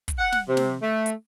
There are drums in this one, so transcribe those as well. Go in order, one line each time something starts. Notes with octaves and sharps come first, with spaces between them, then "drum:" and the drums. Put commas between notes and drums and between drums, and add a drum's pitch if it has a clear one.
drum: kick, hi-hat
F#5
drum: snare
C3
drum: snare
A3
drum: hi-hat